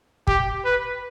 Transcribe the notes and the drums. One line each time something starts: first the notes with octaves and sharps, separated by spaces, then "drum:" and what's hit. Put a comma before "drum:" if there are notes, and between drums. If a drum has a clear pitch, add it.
G4, drum: kick
B4